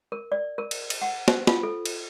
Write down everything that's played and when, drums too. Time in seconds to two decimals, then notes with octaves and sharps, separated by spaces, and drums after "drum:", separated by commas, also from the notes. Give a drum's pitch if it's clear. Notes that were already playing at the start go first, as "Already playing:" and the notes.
0.12 A#4
0.32 D5
0.58 A#4
0.71 drum: cymbal
0.90 drum: cymbal
1.02 F#5
1.28 C5, drum: snare
1.47 F4, drum: snare
1.63 A4
1.86 drum: cymbal